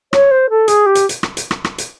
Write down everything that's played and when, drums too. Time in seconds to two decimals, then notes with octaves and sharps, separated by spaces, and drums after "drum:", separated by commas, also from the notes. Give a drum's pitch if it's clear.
0.13 C#5, drum: rim click
0.31 C5
0.50 A4
0.68 G#4, drum: hi-hat
0.86 G4
0.95 drum: hi-hat
1.09 drum: hi-hat
1.23 drum: rim click
1.37 drum: hi-hat
1.51 drum: rim click
1.64 drum: rim click
1.78 drum: hi-hat